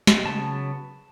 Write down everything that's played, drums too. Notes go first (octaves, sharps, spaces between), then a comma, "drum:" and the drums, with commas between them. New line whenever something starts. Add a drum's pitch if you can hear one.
drum: snare
C#3 F#3 B3 A5